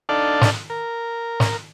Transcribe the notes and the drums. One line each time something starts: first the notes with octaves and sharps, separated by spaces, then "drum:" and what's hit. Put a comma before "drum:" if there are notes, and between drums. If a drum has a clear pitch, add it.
D4 D#4 A4 D5 F5 A5
drum: snare
A#4
drum: snare